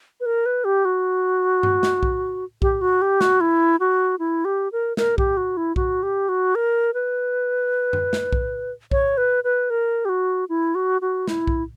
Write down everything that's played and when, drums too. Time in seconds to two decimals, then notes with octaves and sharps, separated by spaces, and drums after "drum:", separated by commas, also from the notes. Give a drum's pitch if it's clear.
0.20 B4
0.26 A#4
0.46 B4
0.65 G4
0.85 F#4
1.63 drum: tom G2
1.83 drum: snare
2.03 drum: kick B1
2.62 G4, drum: kick B1
2.81 F#4
3.02 G4
3.21 F#4, drum: snare
3.41 E4
3.80 F#4
4.19 E4
4.45 G4
4.72 A#4
4.97 A#4, drum: snare
5.18 G4, drum: kick B1
5.37 F#4
5.57 E4
5.76 F#4, drum: kick B1
6.03 G4
6.29 F#4
6.55 A#4
6.94 B4
7.93 drum: tom F#2
8.13 drum: snare
8.33 drum: kick B1
8.91 C#5, drum: kick B1
9.17 B4
9.44 B4
9.70 A#4
10.05 G4
10.09 F#4
10.49 E4
10.75 F#4
11.01 F#4
11.28 E4, drum: snare
11.47 drum: kick B1